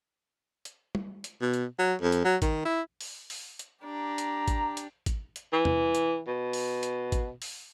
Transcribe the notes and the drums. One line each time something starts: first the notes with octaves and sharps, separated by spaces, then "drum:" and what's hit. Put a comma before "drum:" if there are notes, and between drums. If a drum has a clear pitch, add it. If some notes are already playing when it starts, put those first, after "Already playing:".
drum: hi-hat
drum: tom
drum: hi-hat
B2
drum: hi-hat
F#3
F2
drum: hi-hat
F#3
D#3, drum: kick G#1, hi-hat
E4
drum: open hi-hat
drum: open hi-hat
drum: hi-hat
D4 G4 A#5
drum: hi-hat
drum: kick G#1, hi-hat
drum: hi-hat
drum: kick G#1, hi-hat
drum: hi-hat
E3
drum: tom
drum: hi-hat
B2
drum: open hi-hat
drum: hi-hat
drum: kick G#1, hi-hat
drum: open hi-hat